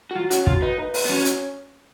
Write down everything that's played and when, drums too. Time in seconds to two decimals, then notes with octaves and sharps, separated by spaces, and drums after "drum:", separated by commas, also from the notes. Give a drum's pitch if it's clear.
0.11 F#4
0.15 F#3 F4
0.31 C#4 F#4, drum: hi-hat
0.47 F#3 F4, drum: kick
0.62 D#4 B4
0.78 B4
0.94 B4, drum: open hi-hat
1.05 B3
1.09 F#3 C#4
1.25 C#4, drum: hi-hat